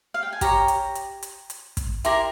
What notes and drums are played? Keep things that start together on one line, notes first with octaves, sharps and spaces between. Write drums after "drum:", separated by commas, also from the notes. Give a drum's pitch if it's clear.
F5
G5
G#5
G4 C#5 A#5, drum: kick, hi-hat
drum: hi-hat
drum: hi-hat
drum: hi-hat
drum: hi-hat
drum: kick, hi-hat
E4 G4 A#4 C6, drum: hi-hat